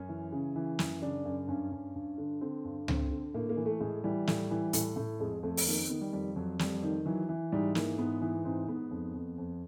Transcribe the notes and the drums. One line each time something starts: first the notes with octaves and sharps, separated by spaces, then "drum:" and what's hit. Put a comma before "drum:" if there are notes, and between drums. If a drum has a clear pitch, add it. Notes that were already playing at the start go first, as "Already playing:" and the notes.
Already playing: F#2 C#4
E3
C#3
E3
F#2, drum: snare
C#3 D4
F#2
G2 C#4
G2
G2
D3
D3 C4
G2
D3 C4, drum: tom C#2
D3
A2 A#3
A#3
E3
A3
A2 G#3
E3 G3
A2, drum: snare
E3
A2, drum: hi-hat
A2
F2 G#3
F2 A3
drum: open hi-hat
D#3 A#3
C4
D#3 B3
G3
F2 G3
F2 F#3
F2 G3, drum: snare
D#3
E3 F#3
E3
G#2 G3
E3 A#3, drum: snare
G#2 B3
E3
G#2 C4
G#2 B3
F2
F2
F2